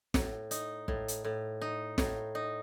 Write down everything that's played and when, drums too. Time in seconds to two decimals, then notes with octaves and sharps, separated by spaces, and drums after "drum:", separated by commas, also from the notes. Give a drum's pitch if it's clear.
0.14 A2, drum: snare
0.51 D#4, drum: hi-hat
0.88 A2, drum: kick
1.08 drum: hi-hat
1.24 A2
1.61 D#4
1.98 A2, drum: snare
2.35 D#4